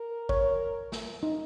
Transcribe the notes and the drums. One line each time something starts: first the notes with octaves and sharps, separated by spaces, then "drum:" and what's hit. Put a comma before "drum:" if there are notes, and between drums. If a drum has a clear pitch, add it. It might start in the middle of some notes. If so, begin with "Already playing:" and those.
Already playing: A#4
C#5, drum: kick G#1
drum: snare
D#4